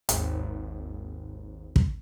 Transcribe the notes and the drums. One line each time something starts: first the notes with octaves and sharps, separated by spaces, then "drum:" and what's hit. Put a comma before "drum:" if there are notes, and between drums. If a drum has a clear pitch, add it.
G#1 D#2, drum: hi-hat
drum: kick